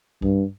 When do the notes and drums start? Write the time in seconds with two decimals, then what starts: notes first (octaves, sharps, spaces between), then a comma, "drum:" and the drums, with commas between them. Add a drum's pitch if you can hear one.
0.22 G2, drum: kick